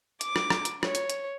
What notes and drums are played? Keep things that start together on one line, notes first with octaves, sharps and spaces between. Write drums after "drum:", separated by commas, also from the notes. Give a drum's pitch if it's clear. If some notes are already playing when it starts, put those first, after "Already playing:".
D6, drum: hi-hat
drum: rim click
drum: rim click
drum: hi-hat
C#5, drum: rim click
drum: hi-hat
drum: hi-hat